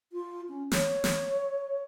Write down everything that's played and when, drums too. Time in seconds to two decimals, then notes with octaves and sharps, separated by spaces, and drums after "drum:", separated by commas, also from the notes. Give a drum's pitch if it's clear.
0.12 F4
0.48 C#4
0.72 C#5, drum: snare
1.04 drum: snare